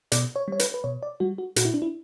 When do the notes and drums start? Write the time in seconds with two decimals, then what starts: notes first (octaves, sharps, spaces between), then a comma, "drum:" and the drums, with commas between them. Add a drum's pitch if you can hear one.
0.12 B2 D5, drum: hi-hat
0.36 C#5
0.48 G3 C#5
0.59 B4, drum: hi-hat
0.74 B4
0.84 B2 C#5
1.03 D5
1.20 G3 F#4
1.38 F#4
1.56 A#2 F#4, drum: hi-hat
1.65 E4
1.74 D4
1.82 E4